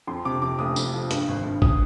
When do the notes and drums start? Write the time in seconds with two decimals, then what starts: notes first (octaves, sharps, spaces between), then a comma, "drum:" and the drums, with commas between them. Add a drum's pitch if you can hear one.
0.07 F2 C6
0.25 C3 D6
0.42 F2 D6
0.59 F1 D#6
0.76 F2, drum: tambourine
0.94 F3
1.11 G2, drum: hi-hat
1.28 G#1
1.45 G2
1.62 D#6, drum: kick